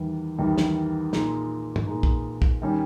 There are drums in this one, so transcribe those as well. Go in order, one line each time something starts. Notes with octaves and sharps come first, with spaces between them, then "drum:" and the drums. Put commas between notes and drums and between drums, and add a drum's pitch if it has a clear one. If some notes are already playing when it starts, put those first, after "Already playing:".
Already playing: E2 D#3 G3
E2 D#3 G3
drum: snare
A#2 G#3 D#4, drum: snare
drum: tom
A#2 G#3 D#4
drum: kick
drum: kick
D#3 G3 C#4